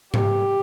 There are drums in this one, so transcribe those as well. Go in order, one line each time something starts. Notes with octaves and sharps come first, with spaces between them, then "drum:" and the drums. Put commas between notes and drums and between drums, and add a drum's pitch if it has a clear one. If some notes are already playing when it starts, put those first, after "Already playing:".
G4, drum: tom G#2